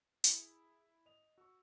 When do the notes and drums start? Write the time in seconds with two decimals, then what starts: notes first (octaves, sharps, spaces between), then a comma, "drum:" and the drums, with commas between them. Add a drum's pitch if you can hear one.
0.24 E4 G#4, drum: hi-hat
1.06 D#5 F7
1.38 F#4 C#6 E6